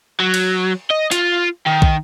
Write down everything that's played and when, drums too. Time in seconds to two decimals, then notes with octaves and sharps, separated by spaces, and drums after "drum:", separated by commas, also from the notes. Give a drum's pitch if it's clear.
0.20 F#3
0.34 drum: cymbal
0.90 D#5
1.12 F4, drum: hi-hat
1.66 D#3
1.82 drum: kick